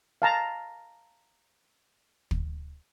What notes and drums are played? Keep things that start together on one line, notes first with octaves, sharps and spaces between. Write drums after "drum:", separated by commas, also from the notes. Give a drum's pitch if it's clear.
F5 A5 A#5
drum: kick